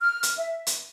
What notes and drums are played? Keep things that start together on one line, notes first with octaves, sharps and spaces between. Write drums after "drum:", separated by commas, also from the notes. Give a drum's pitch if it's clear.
F6
drum: hi-hat
E5
drum: hi-hat